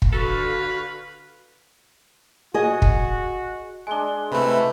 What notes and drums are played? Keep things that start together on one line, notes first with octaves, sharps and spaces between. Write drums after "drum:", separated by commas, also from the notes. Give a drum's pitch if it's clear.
drum: kick
D3 F#4 A4 B4 F5
F#4 G#4 D#5
drum: kick
G#3 D4 G#5 G7
C3 A3 E4 B4 B5